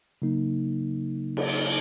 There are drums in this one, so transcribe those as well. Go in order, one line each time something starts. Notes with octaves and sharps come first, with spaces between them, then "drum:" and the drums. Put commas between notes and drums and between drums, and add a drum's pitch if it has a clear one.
C#3 F#3 A#3 D#4
drum: cymbal